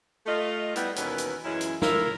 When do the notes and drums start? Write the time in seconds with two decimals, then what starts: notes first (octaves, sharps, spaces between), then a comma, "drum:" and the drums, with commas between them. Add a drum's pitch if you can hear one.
0.26 A3 F4 D#5
0.76 G3 B3 E4, drum: hi-hat
0.96 D#2 B2 E3 C#4 A#4 B4, drum: hi-hat
1.18 drum: hi-hat
1.44 F#2 E3 G#3 C#4 E4
1.61 drum: hi-hat
1.82 E4 F4 A4 A#4, drum: snare